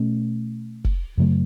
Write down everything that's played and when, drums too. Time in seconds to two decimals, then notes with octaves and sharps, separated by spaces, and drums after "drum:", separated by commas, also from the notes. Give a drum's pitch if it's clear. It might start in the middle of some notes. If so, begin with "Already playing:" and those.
Already playing: B2 A3 C#4
0.84 drum: kick
1.17 F#2 C#3 F#3 A3